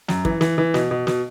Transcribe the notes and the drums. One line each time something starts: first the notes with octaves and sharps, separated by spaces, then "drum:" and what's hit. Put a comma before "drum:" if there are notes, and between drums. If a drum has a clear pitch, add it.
F#2, drum: snare
E3, drum: kick
E3, drum: snare
E3
B2, drum: snare
B2
B2, drum: snare